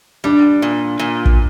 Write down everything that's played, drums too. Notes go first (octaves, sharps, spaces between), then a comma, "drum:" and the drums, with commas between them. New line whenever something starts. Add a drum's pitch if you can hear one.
G3 D4
A#2
A#2
drum: kick